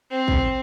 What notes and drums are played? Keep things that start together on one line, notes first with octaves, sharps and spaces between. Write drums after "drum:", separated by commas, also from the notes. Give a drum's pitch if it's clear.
C4
drum: kick